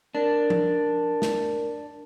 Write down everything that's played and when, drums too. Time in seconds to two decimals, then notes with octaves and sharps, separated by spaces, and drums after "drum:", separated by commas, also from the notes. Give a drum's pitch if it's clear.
0.15 D4 A#4
0.50 drum: tom F3
1.22 drum: snare